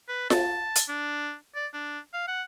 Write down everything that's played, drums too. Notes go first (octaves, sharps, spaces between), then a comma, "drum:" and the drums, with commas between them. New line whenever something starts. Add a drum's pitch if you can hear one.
B4
A5, drum: snare F4
drum: hi-hat
D4
D5
D4
F5
F#5